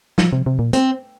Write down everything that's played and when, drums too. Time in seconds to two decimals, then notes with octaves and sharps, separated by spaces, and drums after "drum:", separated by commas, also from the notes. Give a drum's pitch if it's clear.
0.18 F3, drum: snare
0.33 C3
0.46 C3
0.59 A#2
0.73 C4, drum: hi-hat